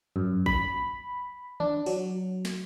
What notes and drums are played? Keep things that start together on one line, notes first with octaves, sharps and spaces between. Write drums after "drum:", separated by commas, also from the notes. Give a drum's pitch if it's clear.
F#2, drum: tom G2
B5, drum: kick
D4, drum: tom
F#3, drum: open hi-hat
drum: snare